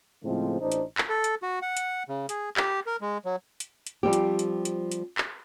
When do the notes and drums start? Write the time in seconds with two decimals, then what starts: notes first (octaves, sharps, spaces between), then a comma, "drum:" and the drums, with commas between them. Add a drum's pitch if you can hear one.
0.23 A2 C#3 F3 G#3 A3 C4
0.60 A1 D4 D#4 C5
0.72 drum: hi-hat
0.98 drum: clap
1.09 A4
1.24 drum: hi-hat
1.43 F#4
1.62 F#5
1.77 drum: hi-hat
2.09 C#3
2.29 G#4, drum: hi-hat
2.57 G4, drum: clap
2.87 A#4
3.01 G#3
3.25 F#3
3.60 drum: hi-hat
3.87 drum: hi-hat
4.03 F3 G3 C4 G4
4.13 drum: hi-hat
4.39 drum: hi-hat
4.65 drum: hi-hat
4.92 drum: hi-hat
5.18 drum: clap